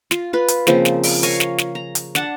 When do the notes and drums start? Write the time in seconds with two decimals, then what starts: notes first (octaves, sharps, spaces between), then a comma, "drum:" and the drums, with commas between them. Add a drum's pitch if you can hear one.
0.11 F4, drum: snare
0.33 F4 B4
0.48 drum: hi-hat
0.67 C#3 F3 A#3 C4, drum: snare
0.85 drum: snare
1.03 drum: open hi-hat
1.23 A#4 C#5 F5 G#5, drum: hi-hat
1.40 drum: snare
1.58 drum: snare
1.75 A#5
1.95 drum: hi-hat
2.15 D4 F#5 A5, drum: snare